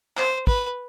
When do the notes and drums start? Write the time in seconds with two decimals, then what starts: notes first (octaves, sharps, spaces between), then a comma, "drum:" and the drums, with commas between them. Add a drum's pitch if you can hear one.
0.17 C5, drum: clap
0.47 B4, drum: kick